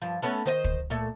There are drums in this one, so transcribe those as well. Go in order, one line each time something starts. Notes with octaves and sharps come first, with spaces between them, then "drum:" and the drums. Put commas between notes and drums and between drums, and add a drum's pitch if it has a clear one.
G2 F3
A3 B3 C#4
D#3 C5 D#5
drum: kick
A#2 A3